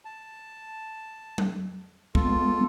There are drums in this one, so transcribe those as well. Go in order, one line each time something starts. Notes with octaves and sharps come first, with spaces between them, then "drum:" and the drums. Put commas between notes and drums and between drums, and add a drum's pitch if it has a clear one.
A5
drum: tom F#3
G#3 B3 F4 A4, drum: kick